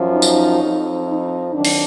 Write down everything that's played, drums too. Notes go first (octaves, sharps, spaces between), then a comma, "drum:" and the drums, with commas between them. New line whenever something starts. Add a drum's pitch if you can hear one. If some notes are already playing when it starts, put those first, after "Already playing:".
Already playing: F#2 F3
D#4
drum: tambourine
F2 F3
D#4
F2 D#3 F#3 D4
drum: open hi-hat